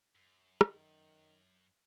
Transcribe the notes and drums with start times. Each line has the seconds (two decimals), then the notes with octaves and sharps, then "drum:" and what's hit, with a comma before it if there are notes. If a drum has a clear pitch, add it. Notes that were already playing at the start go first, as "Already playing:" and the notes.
0.15 F#2
0.61 D#3, drum: rim click